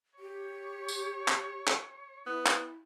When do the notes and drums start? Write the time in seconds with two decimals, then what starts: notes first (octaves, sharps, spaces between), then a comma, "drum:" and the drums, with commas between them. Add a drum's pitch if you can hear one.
0.19 G4 C#5
0.88 drum: tambourine
1.28 drum: clap
1.67 drum: clap
2.26 B3 E4
2.46 drum: clap